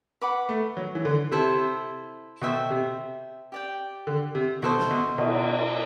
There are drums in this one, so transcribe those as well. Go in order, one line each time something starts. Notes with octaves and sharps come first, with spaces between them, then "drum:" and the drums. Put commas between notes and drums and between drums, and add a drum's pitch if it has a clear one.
B4 F#5 B5 D6
A3
F#3
E3
D3
C3 E4 A4 C5
B2 A4 C5 E5 G5
C3
G4 D5 G5
D3
C3
B2 E4 A4 C5
drum: snare
B2
B2, drum: cymbal